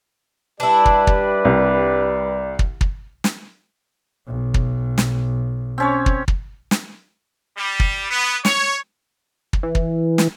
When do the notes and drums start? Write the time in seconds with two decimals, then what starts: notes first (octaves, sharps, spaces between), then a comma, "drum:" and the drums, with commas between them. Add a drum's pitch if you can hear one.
0.60 G3 D4 E4 G4 B4 D5
0.86 drum: kick
1.07 drum: kick
1.45 C2
2.59 drum: kick
2.81 drum: kick
3.24 drum: snare
4.27 B1
4.54 drum: kick
4.98 drum: snare
5.78 C4 C#4 C#5
6.06 drum: kick
6.28 drum: kick
6.71 drum: snare
7.57 G3
7.80 drum: kick
8.10 B3
8.45 C#5, drum: snare
9.53 drum: kick
9.63 E3
9.75 drum: kick
10.18 drum: snare